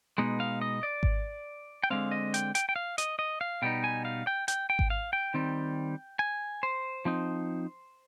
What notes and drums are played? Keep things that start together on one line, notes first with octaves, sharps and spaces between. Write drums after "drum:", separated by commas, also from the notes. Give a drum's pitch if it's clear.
B2 G#3 B3 D#4
F5
D#5
D5
drum: kick G#1
G5
D3 G#3 C4 F5
D#5
G5, drum: hi-hat
G5, drum: hi-hat
G5
F5
D#5, drum: hi-hat
D#5
F5
B2 G3 B3 D#4 G5
G#5
F5
G5
G5, drum: hi-hat
G5
drum: kick G#1
F5
G5
D#3 G3 C4
G#5
C5
F3 C4 D#4